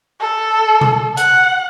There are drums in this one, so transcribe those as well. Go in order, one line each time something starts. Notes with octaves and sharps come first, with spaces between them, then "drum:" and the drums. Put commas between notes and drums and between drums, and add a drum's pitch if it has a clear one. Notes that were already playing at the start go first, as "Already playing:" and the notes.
A4
drum: tom B2
F#5, drum: hi-hat